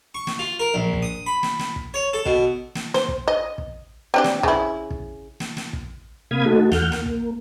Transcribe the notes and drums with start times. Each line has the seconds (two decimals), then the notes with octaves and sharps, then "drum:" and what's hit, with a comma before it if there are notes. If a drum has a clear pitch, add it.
0.15 C#6
0.27 drum: snare
0.39 F4
0.59 A#4
0.74 A#1
0.93 drum: kick
1.03 D#6
1.26 B5
1.43 drum: snare
1.59 drum: snare
1.76 drum: kick
1.94 C#5
2.13 A4
2.26 B2, drum: kick
2.75 drum: snare
2.94 C5, drum: snare
3.08 drum: kick
3.27 D#5
3.58 drum: kick
4.14 C4 D4 G4
4.24 drum: snare
4.43 C#3 E4, drum: kick
4.90 drum: kick
5.40 drum: snare
5.57 drum: snare
5.73 drum: kick
6.31 C3 A#3 F5 B5 D#6 G#6
6.46 A3 D#4 F#4 A4
6.72 E2 F#5 F6 G6, drum: snare
6.92 A#3, drum: snare
7.06 drum: kick